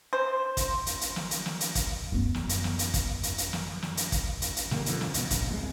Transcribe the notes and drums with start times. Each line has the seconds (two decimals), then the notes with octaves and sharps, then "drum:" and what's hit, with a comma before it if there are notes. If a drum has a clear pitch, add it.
0.13 C5
0.57 drum: kick, hi-hat
0.86 drum: hi-hat
1.01 drum: hi-hat
1.16 drum: snare
1.31 drum: hi-hat
1.46 drum: snare
1.60 drum: hi-hat
1.75 drum: kick, hi-hat
2.12 F#2 B3
2.34 drum: snare
2.49 drum: hi-hat
2.64 drum: snare
2.79 drum: hi-hat
2.94 drum: kick, hi-hat
3.23 drum: hi-hat
3.38 drum: hi-hat
3.53 drum: snare
3.82 drum: snare
3.97 drum: hi-hat
4.12 drum: kick, hi-hat
4.42 drum: hi-hat
4.56 drum: hi-hat
4.71 B2 D3 G3 A#3, drum: snare
4.86 F2 D3 F3, drum: hi-hat
5.01 drum: snare
5.14 C#2 B2, drum: hi-hat
5.30 A#1, drum: kick, hi-hat
5.50 C2 C3 E3 G#3